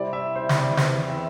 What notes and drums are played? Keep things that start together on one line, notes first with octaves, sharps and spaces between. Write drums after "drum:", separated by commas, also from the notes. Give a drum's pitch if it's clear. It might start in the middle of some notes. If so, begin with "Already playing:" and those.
Already playing: C3 G3 C4 E4 D5
E5
C5
D5, drum: snare
D5
E2 E3 C4 E4, drum: snare
E5